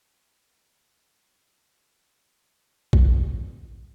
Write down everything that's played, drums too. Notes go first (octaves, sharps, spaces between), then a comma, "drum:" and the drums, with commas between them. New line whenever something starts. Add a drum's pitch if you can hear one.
F#1 G#2 C#4 F#4 B5
F1 D#3 E3 G3
drum: kick